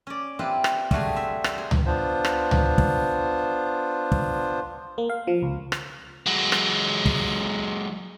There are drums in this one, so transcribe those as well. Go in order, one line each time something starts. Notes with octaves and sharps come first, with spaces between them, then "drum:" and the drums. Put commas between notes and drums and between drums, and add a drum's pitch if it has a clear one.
C#4 D5
C4 E4 F4 G4 B4 C5
drum: rim click
G3 A3 F4 F#4 G#4, drum: kick
C5 E5
drum: rim click
G#4 C5
drum: tom C#2
B3 D4 F4 C5
drum: rim click
drum: tom C#2
drum: kick
drum: kick
A#3
F5
F3
C#2
drum: rim click
F#3 G#3
drum: rim click
drum: kick